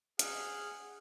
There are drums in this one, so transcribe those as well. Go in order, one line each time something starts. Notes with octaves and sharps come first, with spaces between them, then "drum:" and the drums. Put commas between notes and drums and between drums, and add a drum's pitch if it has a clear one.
G#4 F#5 F6, drum: hi-hat